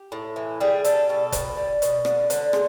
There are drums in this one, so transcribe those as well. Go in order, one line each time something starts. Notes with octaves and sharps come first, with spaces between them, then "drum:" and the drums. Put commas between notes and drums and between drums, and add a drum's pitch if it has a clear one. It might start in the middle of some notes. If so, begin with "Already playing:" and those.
Already playing: G4
A2
E3
G3 G#4
G3 A4, drum: hi-hat
B2 A4
B2, drum: kick F1, hi-hat
G3
B2, drum: hi-hat
D3, drum: rim click
D3, drum: hi-hat
G#3, drum: rim click